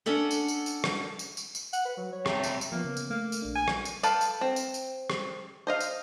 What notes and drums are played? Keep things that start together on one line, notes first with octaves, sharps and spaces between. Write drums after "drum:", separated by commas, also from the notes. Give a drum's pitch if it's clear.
C#4 D4 A4 F#5
drum: tambourine
drum: tambourine
drum: tambourine
drum: rim click
drum: tambourine
drum: tambourine
drum: tambourine
F#5, drum: tambourine
B4
F#3
C#5
C3 A3, drum: rim click
drum: tambourine
drum: tambourine
F3 A#3 B3
C#3 B3
drum: tambourine
A3 A#3
drum: tambourine
A#1 D4
G#5
drum: rim click
drum: tambourine
A4 B4 F5 G5, drum: tambourine
drum: tambourine
C4
drum: tambourine
drum: tambourine
drum: rim click
C5 D#5 F5
drum: tambourine